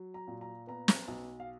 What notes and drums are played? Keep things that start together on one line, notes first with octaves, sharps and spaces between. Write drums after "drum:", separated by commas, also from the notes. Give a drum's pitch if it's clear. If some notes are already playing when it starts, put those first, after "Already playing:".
Already playing: F#3
A#5
A#2
A#5
B3 A#5
drum: snare
B1
F5